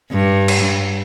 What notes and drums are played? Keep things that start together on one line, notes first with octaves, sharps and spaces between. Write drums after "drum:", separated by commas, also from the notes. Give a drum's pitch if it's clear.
G2
drum: cymbal